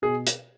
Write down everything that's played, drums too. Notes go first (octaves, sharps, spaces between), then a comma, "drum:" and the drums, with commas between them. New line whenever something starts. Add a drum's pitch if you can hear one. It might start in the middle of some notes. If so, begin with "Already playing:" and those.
B2 G#4
drum: hi-hat